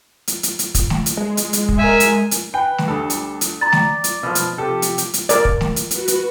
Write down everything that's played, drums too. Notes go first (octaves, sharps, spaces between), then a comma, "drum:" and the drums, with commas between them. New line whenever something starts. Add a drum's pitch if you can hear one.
drum: hi-hat
drum: hi-hat
drum: hi-hat
drum: kick, hi-hat
drum: snare A3
drum: hi-hat
G#3
drum: hi-hat
drum: hi-hat
drum: kick
A#4 E5 G#5
drum: hi-hat
drum: hi-hat
B4 G5 G#5
drum: snare A3
D2 G3 A4
drum: hi-hat
drum: hi-hat
D5 A#5 A6
drum: snare A3
drum: hi-hat
B2 F3
drum: hi-hat
C3 F3 G4 A4
drum: hi-hat
drum: hi-hat
drum: hi-hat
A#4 D5, drum: hi-hat
drum: kick
drum: snare A3
drum: hi-hat
F#4 B4, drum: hi-hat
drum: hi-hat